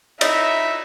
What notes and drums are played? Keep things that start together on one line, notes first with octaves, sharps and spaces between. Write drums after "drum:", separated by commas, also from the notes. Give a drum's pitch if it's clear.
D#4 E4 C#5 D#5 E5 D#6, drum: cymbal